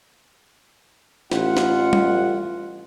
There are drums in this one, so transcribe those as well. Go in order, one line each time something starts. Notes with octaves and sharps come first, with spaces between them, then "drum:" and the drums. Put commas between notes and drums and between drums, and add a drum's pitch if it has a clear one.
A1 F4 F#5, drum: snare
drum: snare
drum: tom G3